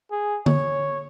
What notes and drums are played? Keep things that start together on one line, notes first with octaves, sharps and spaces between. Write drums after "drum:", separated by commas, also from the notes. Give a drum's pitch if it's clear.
G#4
C#5, drum: tom D3